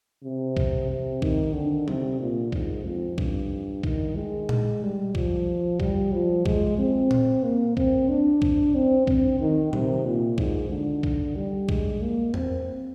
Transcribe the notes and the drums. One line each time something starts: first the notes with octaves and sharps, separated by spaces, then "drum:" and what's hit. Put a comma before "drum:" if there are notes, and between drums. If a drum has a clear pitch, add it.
C3
drum: kick B1
C3
D#3, drum: kick B1
D3
C3, drum: tom F#3
A#2
G#2, drum: kick B1
F2
G2, drum: kick B1
D#3, drum: kick B1
G#3
drum: tom A#2
G3
F3, drum: kick B1
G3, drum: kick B1
F3
G#3, drum: kick B1
C4
drum: tom A#2
A#3
C4, drum: kick B1
D4
drum: kick B1
C4
C4, drum: kick B1
D#3
C3, drum: tom A#2
A#2
G#2, drum: kick B1
D3
drum: kick B1
G3
G#3, drum: kick B1
A#3
C4, drum: tom E2